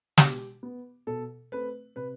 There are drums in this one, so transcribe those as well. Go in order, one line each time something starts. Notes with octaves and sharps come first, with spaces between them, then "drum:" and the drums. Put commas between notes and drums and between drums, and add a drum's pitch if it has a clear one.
B2 G4, drum: snare
B3
B2 A4
A3 C4 B4
C3 B4